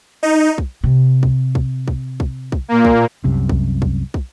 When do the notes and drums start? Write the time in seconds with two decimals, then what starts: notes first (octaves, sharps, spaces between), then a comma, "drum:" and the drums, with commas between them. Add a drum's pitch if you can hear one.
0.23 D#4
0.58 drum: kick
0.84 C3
1.23 drum: kick
1.55 drum: kick
1.88 drum: kick
2.20 drum: kick
2.52 drum: kick
2.69 A#2 A#3
2.85 drum: kick
3.24 C2 F#2 C3
3.49 drum: kick
3.82 drum: kick
4.14 drum: kick